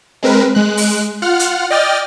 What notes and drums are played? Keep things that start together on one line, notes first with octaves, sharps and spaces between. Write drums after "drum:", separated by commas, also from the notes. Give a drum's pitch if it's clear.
G#3 C4 A#4 B4
G#3 F#6
drum: open hi-hat
F4 F#5 F6
drum: hi-hat
D5 D#5 G5 F6 A6